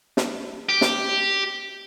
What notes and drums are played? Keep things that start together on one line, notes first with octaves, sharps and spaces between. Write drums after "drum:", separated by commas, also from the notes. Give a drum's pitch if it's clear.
drum: snare
G4
drum: snare